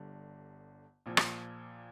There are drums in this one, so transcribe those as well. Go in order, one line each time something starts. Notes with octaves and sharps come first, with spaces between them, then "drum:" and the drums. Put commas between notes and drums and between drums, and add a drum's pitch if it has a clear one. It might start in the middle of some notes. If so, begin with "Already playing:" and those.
Already playing: G1 G2 D3
A#1 A#2 F3
drum: rim click